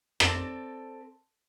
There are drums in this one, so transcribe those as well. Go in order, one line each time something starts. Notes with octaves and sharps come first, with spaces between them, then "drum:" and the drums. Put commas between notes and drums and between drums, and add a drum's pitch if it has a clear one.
C4 A4 D5, drum: rim click